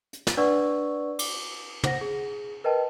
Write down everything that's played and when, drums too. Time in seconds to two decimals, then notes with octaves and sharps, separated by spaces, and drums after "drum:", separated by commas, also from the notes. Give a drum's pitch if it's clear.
0.13 drum: hi-hat
0.27 drum: snare
0.37 D4 B4 D5 F#5 C#6 E6
1.19 D6, drum: cymbal
1.84 C5 F#5 A#6, drum: tom
2.01 G#4
2.64 A#4 B4 D#5 G5 A5